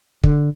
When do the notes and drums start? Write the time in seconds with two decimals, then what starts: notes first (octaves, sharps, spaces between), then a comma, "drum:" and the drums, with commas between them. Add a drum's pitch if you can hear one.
0.24 D3, drum: kick